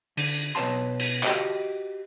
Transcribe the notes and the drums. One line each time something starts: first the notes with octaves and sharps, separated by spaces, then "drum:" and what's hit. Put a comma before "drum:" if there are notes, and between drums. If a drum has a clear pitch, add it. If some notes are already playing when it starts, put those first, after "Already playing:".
D3, drum: cymbal
B2 B4 C#5 F#5 A5 C6
drum: cymbal
F#4 G4 D#5, drum: clap